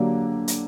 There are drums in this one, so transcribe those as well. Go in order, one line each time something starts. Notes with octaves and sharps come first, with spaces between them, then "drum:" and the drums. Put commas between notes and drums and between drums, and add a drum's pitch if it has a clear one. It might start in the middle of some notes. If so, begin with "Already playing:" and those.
Already playing: D3 F#3 A#3 D4 G4
drum: hi-hat